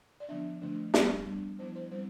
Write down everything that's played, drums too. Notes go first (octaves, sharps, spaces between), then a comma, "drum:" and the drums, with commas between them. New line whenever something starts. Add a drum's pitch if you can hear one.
D5
D3 F3 B3 D4 E5
D3 F3 A3 D4
G3 B3 D4 D5, drum: snare
G3 B3 D4
F3 B3 E4 C5
C5
G3 C4 E4 C5